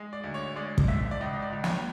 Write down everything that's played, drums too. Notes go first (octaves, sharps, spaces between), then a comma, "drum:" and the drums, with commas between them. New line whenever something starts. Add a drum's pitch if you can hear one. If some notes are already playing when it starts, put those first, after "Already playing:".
Already playing: G#3
D5
D2
C#5
G#3 D5
drum: kick
G#1 E5
D5
C#2 D#5
D#5
D5
C#2
C#5, drum: snare